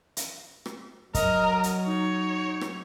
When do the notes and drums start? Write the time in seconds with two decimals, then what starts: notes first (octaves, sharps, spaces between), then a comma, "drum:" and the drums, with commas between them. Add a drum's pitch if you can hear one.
0.17 drum: hi-hat
0.66 drum: rim click
1.15 F#3 A#4 D#5, drum: kick, hi-hat
1.63 drum: hi-hat
1.86 D#4 C#5
2.61 drum: rim click